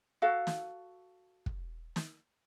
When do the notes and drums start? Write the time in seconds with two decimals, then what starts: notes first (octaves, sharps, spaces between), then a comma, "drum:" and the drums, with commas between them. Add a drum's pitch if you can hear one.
0.22 F#4 A4 F5
0.47 drum: snare
1.46 drum: kick
1.96 drum: snare